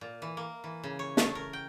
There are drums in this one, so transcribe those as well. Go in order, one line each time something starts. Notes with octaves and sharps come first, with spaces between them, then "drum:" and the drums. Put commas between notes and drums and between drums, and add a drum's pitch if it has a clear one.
A#2
E3
A#3
E3
C#3
C#5
A3, drum: snare
A#4
G5